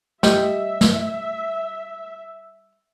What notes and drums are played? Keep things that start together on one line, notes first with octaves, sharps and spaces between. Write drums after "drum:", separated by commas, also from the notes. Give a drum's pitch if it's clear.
G3 D#5 E5, drum: snare
drum: snare